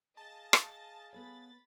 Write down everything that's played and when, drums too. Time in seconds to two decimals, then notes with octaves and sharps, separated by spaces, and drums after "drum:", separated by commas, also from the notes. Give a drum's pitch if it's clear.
0.17 G#4 D#5 F5 A5 A6
0.53 drum: rim click
1.13 B3 A4 C#5 B5 A6